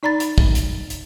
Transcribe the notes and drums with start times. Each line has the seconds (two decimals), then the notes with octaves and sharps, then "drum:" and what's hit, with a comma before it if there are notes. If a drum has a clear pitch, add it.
0.03 D#4 D5 A#5 B5 A6
0.20 drum: hi-hat
0.38 drum: kick
0.55 drum: hi-hat
0.90 drum: hi-hat